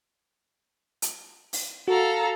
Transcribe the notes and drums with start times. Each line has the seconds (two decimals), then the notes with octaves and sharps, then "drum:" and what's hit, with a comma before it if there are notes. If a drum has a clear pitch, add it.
1.02 drum: hi-hat
1.53 drum: open hi-hat
1.88 F#4 A4 F5 A#5